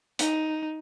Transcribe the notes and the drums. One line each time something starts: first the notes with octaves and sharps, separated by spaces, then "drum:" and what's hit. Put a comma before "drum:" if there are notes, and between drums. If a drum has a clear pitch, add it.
D#4, drum: hi-hat